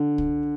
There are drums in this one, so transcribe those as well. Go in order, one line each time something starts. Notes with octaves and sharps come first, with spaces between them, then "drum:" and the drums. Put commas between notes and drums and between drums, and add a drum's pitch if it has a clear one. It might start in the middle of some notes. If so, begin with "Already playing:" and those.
Already playing: D3
drum: kick